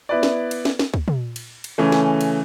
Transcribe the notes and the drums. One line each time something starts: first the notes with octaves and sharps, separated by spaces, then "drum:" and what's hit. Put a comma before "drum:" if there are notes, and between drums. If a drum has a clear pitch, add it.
B3 E4 B4 D5
drum: snare
drum: cymbal
drum: snare
drum: snare
drum: kick C#2
drum: tom
drum: cymbal
drum: cymbal
C#3 E3 A3 C#4
drum: snare
drum: cymbal